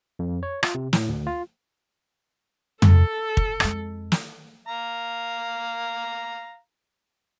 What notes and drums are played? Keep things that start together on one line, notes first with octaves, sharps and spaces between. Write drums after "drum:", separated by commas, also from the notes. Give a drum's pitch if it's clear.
F2
C#5
F4, drum: rim click
C3
A2, drum: snare
D2
F4
A4, drum: tom
drum: kick
F2 G#3, drum: rim click
drum: snare
F5 A#5